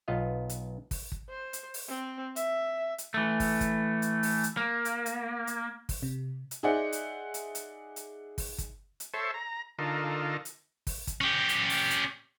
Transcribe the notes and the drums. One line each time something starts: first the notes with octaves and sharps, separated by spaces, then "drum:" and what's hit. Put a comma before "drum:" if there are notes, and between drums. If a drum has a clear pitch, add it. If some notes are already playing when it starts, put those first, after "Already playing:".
B1 B3 F4 D#5 F5
drum: hi-hat
drum: kick, open hi-hat
drum: kick
C5
drum: hi-hat
drum: open hi-hat
C4
E5, drum: hi-hat
drum: hi-hat
E3 A3
drum: kick, open hi-hat
drum: kick, hi-hat
drum: hi-hat
drum: open hi-hat
drum: hi-hat
A#3
drum: hi-hat
drum: hi-hat
drum: hi-hat
drum: kick, open hi-hat
C3
drum: hi-hat
D#4 G#4 C5 D5 E5 F#5
drum: hi-hat
drum: hi-hat
drum: hi-hat
drum: hi-hat
drum: kick, open hi-hat
drum: kick, hi-hat
drum: hi-hat
A4 C5 C#5 E5
A#5
D3 D#4 F4 A4 A#4
drum: hi-hat
drum: kick, open hi-hat
drum: kick, hi-hat
C#4 G4
drum: hi-hat
drum: open hi-hat
drum: hi-hat